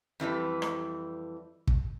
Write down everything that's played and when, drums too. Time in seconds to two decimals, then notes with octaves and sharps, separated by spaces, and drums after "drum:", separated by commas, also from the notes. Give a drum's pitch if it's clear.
0.20 F2 E3 G3 B4
0.62 drum: rim click
1.67 drum: kick